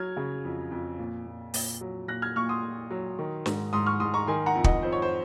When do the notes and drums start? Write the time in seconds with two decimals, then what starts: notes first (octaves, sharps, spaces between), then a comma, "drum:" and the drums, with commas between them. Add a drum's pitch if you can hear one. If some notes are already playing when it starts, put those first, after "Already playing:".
Already playing: F#3 F6 G#6
0.17 C#3
0.45 F2
0.71 F2
0.99 A#2
1.26 A#2
1.54 A#2, drum: open hi-hat
1.81 F#3
2.08 A#2 F#6 A#6
2.22 F6 G#6
2.36 A#2 C#6 F6
2.49 C6 D#6
2.63 A#2
2.91 F#3
3.19 D#3
3.46 G#2, drum: snare
3.73 G#2 C6 D#6
3.86 C#6 F6
4.00 G#2 C6 D#6
4.14 A#5 C#6
4.27 D#3 G#5 C6
4.46 F#5 A#5
4.55 F2
4.64 D#5 F#5, drum: kick
4.83 F2 C5
4.92 C#5
5.02 C5